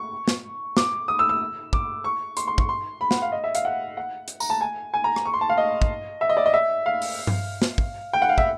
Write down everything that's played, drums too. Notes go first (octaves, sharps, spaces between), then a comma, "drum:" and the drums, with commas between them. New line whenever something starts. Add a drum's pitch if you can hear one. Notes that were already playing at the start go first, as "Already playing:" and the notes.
Already playing: C#6
drum: snare
D6, drum: snare
D#6
E6
E6
D6, drum: kick
C#6
C6, drum: hi-hat
C6
C#6, drum: kick
C6
B5
F#5, drum: snare
F5
D#5
E5
F5, drum: hi-hat
F#5
F#5
drum: hi-hat
A#5, drum: tambourine
A5
G#5
G#5
A#5
drum: rim click
C#6
C6
A5
F5
D#5
drum: kick
E5
D#5
D5
D#5
E5
F5
drum: open hi-hat
drum: tom G2
drum: snare
drum: kick
G5
F#5
F5
E5, drum: kick